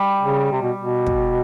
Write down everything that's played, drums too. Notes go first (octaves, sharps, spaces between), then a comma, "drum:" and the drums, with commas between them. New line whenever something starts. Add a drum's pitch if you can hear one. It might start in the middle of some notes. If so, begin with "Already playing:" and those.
Already playing: G3
C#3
C3
B2
B2
drum: kick